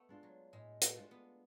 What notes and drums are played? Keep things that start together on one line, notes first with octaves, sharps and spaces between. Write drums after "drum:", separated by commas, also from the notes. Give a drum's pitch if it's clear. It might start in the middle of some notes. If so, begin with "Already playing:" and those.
Already playing: A3 B3
G#3 D4 F4
F#3
A2 G#3
A3, drum: hi-hat
G#3 D4 F4
B3